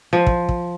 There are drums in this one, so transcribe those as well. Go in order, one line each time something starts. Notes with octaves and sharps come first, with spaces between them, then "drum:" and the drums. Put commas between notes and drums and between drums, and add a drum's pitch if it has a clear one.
F3
drum: kick
drum: kick